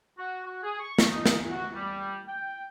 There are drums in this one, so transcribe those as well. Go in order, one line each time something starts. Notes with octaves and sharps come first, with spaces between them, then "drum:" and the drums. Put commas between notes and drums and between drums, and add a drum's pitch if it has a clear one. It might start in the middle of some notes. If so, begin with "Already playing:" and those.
F#4
F#4
G#4
C#6
drum: snare
D#4
drum: snare
F#4
G3
G5